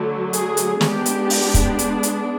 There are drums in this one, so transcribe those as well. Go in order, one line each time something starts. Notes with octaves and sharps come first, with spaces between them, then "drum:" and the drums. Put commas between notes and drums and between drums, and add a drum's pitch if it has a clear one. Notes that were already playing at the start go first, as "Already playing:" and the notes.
Already playing: D3 F#3 A3
G#4, drum: hi-hat
drum: hi-hat
G#3 B3 D4 G4, drum: snare
drum: hi-hat
drum: open hi-hat
drum: kick, hi-hat
drum: hi-hat
drum: hi-hat